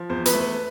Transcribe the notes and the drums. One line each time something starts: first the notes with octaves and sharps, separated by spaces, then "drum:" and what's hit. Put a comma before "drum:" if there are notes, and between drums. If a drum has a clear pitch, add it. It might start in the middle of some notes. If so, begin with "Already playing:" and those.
Already playing: F3
E2 C5
B4, drum: hi-hat
A3
B4